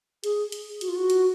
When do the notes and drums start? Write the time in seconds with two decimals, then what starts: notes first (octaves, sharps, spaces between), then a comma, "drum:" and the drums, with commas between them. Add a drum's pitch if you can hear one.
0.24 G#4, drum: hi-hat
0.52 drum: hi-hat
0.81 F#4, drum: hi-hat
0.88 F4
0.96 F#4
1.10 drum: hi-hat